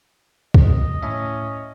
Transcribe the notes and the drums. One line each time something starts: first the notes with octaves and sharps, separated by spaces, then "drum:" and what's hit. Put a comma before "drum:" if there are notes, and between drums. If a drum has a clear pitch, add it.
D#5, drum: kick
A2 C#4 E5